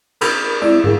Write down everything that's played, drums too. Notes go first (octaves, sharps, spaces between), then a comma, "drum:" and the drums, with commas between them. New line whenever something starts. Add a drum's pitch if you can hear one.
A#4 B5 G6, drum: cymbal
G#3 C4 E4 D5 E6
G1 G#2 E4 G#4 A#4